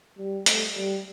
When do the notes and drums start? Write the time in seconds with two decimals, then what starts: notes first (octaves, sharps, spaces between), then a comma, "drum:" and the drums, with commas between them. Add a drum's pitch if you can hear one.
0.17 G3
0.46 A3, drum: hi-hat
0.76 G3